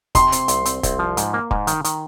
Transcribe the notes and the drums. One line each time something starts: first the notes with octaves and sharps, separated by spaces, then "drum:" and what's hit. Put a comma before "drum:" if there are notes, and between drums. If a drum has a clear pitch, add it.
C3 C6, drum: kick, hi-hat
C4, drum: hi-hat
C2, drum: hi-hat
C4, drum: hi-hat
C2, drum: kick, hi-hat
F3
G#2, drum: hi-hat
A#3
G#2, drum: kick
D#3, drum: hi-hat
D#3, drum: hi-hat